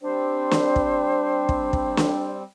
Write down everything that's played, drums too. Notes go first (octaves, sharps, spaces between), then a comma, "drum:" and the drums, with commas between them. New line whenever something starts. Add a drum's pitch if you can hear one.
G3 C4 D4 C5
drum: snare
drum: kick
drum: kick
drum: kick
drum: snare